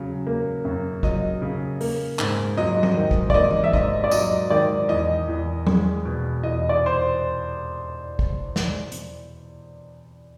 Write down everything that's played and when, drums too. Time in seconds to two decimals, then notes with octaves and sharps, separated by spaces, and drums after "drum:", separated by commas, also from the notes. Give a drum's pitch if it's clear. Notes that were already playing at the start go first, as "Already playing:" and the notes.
Already playing: C#3 F#3
0.27 A#3
0.65 F#2
1.03 F#3 D#5, drum: kick
1.42 C#3
1.81 A#3, drum: open hi-hat
2.19 G#2, drum: clap
2.57 F#3 D#5
2.83 D#5, drum: tom F#3
2.97 D#3
3.11 drum: kick
3.30 D5, drum: kick
3.34 A#3 D#5
3.51 drum: tom E3
3.64 E5
3.73 G#2 D#5, drum: kick
4.04 D5
4.11 F#3 D#5, drum: tambourine
4.50 D#3 D5
4.89 E2 D#5
5.28 E2
5.67 G#3, drum: tom F#3
6.05 B2
6.43 E2 D#5
6.69 D5
6.86 C5
8.19 drum: kick
8.56 drum: snare
8.92 drum: hi-hat